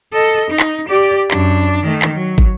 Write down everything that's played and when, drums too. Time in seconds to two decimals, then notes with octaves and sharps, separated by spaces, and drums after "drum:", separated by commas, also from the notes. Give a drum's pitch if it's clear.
0.13 A4 D#5
0.50 D#4
0.60 drum: clap
0.88 G4 D5
1.31 F#2 D4, drum: clap
1.83 D#3 A3
2.02 drum: clap
2.14 F#3
2.38 drum: kick